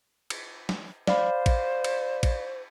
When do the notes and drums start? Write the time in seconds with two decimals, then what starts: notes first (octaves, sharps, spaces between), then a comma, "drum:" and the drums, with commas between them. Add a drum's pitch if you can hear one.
0.30 drum: cymbal
0.69 drum: snare
1.07 C5 D5 F5 B5, drum: snare
1.46 drum: kick A1, cymbal
1.84 drum: cymbal
2.23 drum: kick A1, cymbal